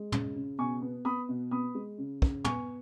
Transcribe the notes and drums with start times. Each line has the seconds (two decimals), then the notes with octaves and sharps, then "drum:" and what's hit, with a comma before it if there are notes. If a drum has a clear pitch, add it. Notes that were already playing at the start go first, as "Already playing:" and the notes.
Already playing: G#3
0.12 C#3, drum: tom
0.36 C#3
0.58 B2 G#5 C#6
0.82 B3
1.05 B3 B5 D#6
1.29 B2
1.51 B3 B5 D#6
1.75 G#3
1.98 C#3
2.22 C#3, drum: kick
2.44 B3 G#5 C#6, drum: tom